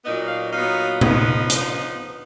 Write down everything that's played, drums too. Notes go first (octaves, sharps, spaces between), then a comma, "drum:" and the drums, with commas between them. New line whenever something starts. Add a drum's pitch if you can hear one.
A#2 F#3 B3 D#4 D#5
F5
A#2 F#3 B3 D#4 F5
F3 B3 D#4, drum: tom C3
F3 B3 D#4, drum: hi-hat